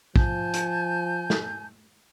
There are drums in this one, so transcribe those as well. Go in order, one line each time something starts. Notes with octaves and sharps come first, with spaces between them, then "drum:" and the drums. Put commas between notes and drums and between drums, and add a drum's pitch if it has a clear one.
F3 G#5 A5 G6, drum: kick
drum: hi-hat
drum: snare